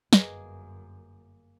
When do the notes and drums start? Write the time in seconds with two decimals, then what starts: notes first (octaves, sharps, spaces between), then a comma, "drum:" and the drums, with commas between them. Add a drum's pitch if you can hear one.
0.13 G1 F#2 A#3 G#4 B4 D#5 A#6, drum: snare